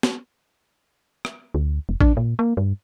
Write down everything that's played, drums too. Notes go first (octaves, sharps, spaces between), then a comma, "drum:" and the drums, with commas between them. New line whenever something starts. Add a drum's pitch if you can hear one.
drum: snare
drum: rim click
D2
F1
D4, drum: kick A1
A#2
A#3
G2